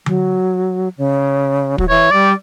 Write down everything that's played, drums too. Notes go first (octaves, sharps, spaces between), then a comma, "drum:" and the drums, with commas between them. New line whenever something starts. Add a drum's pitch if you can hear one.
F#3, drum: tom D3
C#3
F#3, drum: kick
E3 C#5
G3 D5